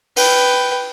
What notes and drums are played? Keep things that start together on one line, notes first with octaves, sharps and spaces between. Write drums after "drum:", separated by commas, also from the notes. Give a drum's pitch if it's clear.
B4 G5, drum: open hi-hat